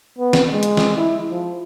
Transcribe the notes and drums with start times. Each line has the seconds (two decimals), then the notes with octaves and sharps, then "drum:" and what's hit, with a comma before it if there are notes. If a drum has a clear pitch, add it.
0.19 B3
0.33 drum: snare
0.53 G#3
0.63 drum: hi-hat
0.77 drum: snare
0.97 E4
1.30 F3